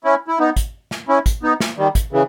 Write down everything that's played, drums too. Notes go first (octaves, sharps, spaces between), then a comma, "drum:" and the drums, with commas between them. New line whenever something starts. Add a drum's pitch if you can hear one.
C#4 E4
E4
B3 D#4
drum: kick, hi-hat
drum: snare
C#4 E4
drum: kick, hi-hat
B3 D#4
drum: snare
D#3 G3
drum: kick, hi-hat
C#3 E3